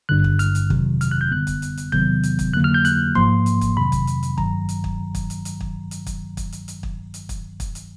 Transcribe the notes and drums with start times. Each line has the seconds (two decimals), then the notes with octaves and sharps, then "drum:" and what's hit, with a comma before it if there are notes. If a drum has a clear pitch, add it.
0.09 G#1 G2 D3 F#6
0.24 drum: kick
0.39 F6, drum: hi-hat
0.55 drum: hi-hat
0.70 G1 F2 C3 D#3 F#3, drum: kick
1.01 F6, drum: hi-hat
1.11 F#6
1.21 G6
1.31 G1 F#2 D3 G3 B3 F#6
1.47 drum: kick, hi-hat
1.62 drum: hi-hat
1.78 drum: hi-hat
1.92 E2 C3 D#3 F#3 B3 G6, drum: kick
2.23 drum: hi-hat
2.39 drum: kick, hi-hat
2.54 F2 D3 F#3 A#3 F#6
2.64 F6
2.74 G6
2.85 F#6, drum: hi-hat
3.15 G#2 F3 A#3 C6, drum: kick
3.46 drum: hi-hat
3.61 drum: kick, hi-hat
3.77 F2 C3 D#3 F#3 B5
3.92 drum: kick, hi-hat
4.07 drum: hi-hat
4.23 drum: hi-hat
4.38 G#1 G2 D#3 F#3 A#5, drum: kick
4.69 drum: hi-hat
4.84 drum: kick
5.15 drum: kick, hi-hat
5.30 drum: hi-hat
5.45 drum: hi-hat
5.61 drum: kick
5.91 drum: hi-hat
6.07 drum: kick, hi-hat
6.37 drum: kick, hi-hat
6.53 drum: hi-hat
6.68 drum: hi-hat
6.83 drum: kick
7.14 drum: hi-hat
7.29 drum: kick, hi-hat
7.60 drum: kick, hi-hat
7.75 drum: hi-hat